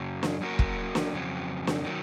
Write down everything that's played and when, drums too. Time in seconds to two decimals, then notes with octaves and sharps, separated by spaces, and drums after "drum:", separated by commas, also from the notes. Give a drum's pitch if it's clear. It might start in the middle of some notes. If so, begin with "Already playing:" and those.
Already playing: F#2 C#3 F#3
0.23 drum: snare
0.41 F#3 A#3 C#4 F#4 A#4
0.59 drum: kick
0.95 drum: snare
1.13 F2 C#3 F#3 C4
1.67 drum: snare
1.85 D#3 F#3 A#3